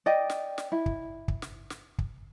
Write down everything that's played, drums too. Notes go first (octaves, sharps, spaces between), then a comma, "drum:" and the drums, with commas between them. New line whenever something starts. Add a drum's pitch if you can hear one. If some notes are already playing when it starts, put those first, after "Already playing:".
D5 D#5 G5
drum: snare
drum: snare
E4
drum: kick
drum: kick
drum: snare
drum: snare
drum: kick